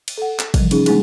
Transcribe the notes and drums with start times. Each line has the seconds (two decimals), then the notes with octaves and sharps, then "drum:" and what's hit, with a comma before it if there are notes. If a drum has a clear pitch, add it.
0.08 drum: cymbal
0.18 A4 F#5
0.39 drum: clap
0.54 C3 E3 F3 G3, drum: kick, cymbal
0.71 C#4 D#4 G#4, drum: cymbal
0.86 G3 G#3 A#3 D4 D#4 G#4, drum: cymbal